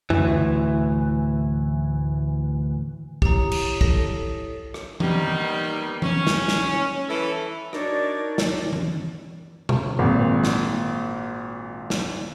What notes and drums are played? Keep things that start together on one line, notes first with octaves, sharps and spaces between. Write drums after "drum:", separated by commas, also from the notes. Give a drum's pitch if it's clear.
D2 A2 E3, drum: tom F2
E4 G4 C#5 A#5 D#6, drum: kick
drum: cymbal
A4 A#6, drum: kick
drum: rim click
D#3 G3 A#3 B3 D#4, drum: tom E3
C#4, drum: tom E3
drum: snare
drum: snare
E3 A4
D4 D#4 F#4 A#4 C#5 D5, drum: rim click
drum: snare
drum: tom E3
drum: tom B2
G#1 A#2
drum: snare
drum: snare